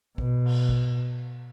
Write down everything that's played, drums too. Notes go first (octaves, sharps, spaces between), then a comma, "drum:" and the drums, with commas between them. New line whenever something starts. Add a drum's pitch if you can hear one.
B2, drum: kick
drum: cymbal
drum: kick